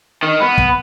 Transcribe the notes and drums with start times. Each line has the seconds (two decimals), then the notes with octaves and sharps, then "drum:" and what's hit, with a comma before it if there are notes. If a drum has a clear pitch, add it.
0.23 D#3
0.41 B3
0.58 drum: kick